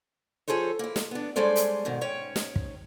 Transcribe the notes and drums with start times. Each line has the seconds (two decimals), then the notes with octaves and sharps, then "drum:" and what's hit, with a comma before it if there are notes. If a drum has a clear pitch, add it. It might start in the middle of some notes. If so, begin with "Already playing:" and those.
0.48 F3 G#4 A4 C5 C#5
0.79 A#3 E4
0.96 drum: snare
1.11 B3 D4
1.36 G3 G#3 C#4 A4 C5 D5
1.56 drum: hi-hat
1.85 G#2 B2 D#3
2.01 G#2 C#4 C#5 G5
2.36 drum: snare
2.56 drum: kick